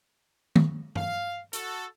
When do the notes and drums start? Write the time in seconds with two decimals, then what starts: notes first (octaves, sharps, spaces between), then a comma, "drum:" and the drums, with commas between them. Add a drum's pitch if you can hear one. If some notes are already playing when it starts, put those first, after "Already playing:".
0.56 drum: tom D#3
0.95 F5, drum: tom G2
1.53 F#4 A4, drum: hi-hat